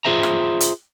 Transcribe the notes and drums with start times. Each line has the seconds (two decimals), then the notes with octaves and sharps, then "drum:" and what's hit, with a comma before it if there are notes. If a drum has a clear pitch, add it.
0.05 F4 G#4 C5 E5 A#5
0.23 drum: rim click
0.60 drum: hi-hat